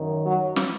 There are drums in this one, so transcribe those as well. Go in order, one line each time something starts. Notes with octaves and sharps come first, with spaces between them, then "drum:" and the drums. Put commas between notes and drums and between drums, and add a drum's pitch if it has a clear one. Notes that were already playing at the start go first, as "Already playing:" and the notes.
Already playing: F#2 D#3
F#3
drum: snare